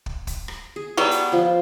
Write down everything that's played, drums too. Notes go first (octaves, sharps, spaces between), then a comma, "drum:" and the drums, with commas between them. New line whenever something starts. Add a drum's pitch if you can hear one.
drum: kick
drum: kick, hi-hat
drum: rim click
G#4
F#3 G3 B3 G#4 D5
drum: hi-hat
F3 F4